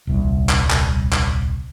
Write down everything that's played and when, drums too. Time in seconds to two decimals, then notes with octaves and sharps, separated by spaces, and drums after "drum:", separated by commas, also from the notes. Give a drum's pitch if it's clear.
0.07 D#1 C2
0.49 drum: clap
0.70 drum: clap
1.13 drum: clap